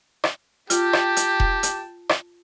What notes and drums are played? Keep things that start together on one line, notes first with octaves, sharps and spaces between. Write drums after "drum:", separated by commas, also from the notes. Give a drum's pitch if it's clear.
drum: rim click
F4 G4 G5 A5, drum: hi-hat
drum: rim click
drum: hi-hat
drum: kick E1
drum: hi-hat
drum: rim click